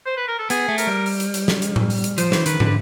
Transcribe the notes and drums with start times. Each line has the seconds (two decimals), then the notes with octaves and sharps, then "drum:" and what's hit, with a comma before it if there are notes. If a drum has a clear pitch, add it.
0.06 C5
0.17 B4
0.28 A#4
0.39 A4
0.50 B3 G#4, drum: hi-hat
0.68 A3
0.78 A#4, drum: hi-hat
0.87 G3
1.06 drum: open hi-hat
1.20 drum: hi-hat
1.34 drum: hi-hat
1.48 drum: snare
1.62 drum: hi-hat
1.76 drum: tom A2
1.90 drum: open hi-hat
2.04 drum: hi-hat
2.18 F3 C5, drum: hi-hat
2.32 E3, drum: snare
2.46 D#3 B4, drum: hi-hat
2.60 D3, drum: tom
2.65 B4